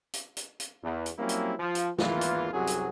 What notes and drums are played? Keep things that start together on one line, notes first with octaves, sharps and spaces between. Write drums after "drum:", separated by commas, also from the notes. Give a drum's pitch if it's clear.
drum: hi-hat
drum: hi-hat
drum: hi-hat
E2
drum: hi-hat
F#3 G3 A#3 C4 C#4 E4
drum: hi-hat
F3
drum: hi-hat
G#1 E2 E3 A#3 F4, drum: snare
drum: hi-hat
C2 F#2 C3 F#3 F#4 G#4
drum: hi-hat